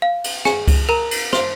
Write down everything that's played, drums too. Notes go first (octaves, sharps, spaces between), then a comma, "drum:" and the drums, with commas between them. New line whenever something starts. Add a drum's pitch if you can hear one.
F5
drum: cymbal
G#4 G#5, drum: snare
drum: kick C#2, cymbal
A#4 A#5
drum: cymbal
C5 C6, drum: snare